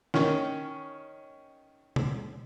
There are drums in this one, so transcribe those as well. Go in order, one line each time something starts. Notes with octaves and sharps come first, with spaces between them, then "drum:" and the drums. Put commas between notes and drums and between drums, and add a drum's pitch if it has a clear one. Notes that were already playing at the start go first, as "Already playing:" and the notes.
D#3 C#4, drum: snare
drum: tom